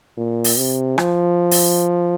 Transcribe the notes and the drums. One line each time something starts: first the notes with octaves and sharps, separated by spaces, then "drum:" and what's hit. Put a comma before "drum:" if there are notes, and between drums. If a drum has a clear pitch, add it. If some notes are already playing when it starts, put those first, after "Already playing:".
A#2
drum: open hi-hat
C3
F3, drum: rim click
drum: open hi-hat